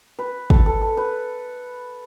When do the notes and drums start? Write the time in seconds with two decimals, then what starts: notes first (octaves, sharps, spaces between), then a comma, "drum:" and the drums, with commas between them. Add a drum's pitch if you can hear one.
0.19 B4
0.50 A4, drum: kick
0.66 A4
0.81 A4
0.97 B4